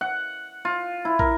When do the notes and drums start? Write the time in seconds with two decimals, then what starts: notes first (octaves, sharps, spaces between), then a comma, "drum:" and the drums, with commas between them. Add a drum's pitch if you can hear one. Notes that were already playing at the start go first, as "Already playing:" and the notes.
0.01 F#5
0.65 F4
1.05 E4
1.19 A#4, drum: kick